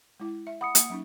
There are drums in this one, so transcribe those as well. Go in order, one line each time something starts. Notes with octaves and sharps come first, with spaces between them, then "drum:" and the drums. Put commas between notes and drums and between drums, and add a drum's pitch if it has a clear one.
G#3 E4
E5
F#5 B5 D#6 C#7
A#3, drum: hi-hat
F#3 C#4 D#4